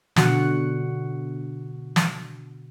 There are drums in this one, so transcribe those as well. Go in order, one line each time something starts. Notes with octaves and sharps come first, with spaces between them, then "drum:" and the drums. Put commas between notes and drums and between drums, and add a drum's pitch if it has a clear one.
B2 D3 F#4 F#5, drum: snare
drum: snare